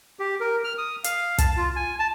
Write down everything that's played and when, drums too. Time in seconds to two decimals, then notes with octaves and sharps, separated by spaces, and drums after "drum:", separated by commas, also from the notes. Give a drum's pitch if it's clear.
0.19 G4
0.41 A#4
0.64 F6
0.78 D#6
1.04 F5, drum: hi-hat
1.38 A5, drum: kick, hi-hat
1.57 F4
1.76 G#5
1.99 A5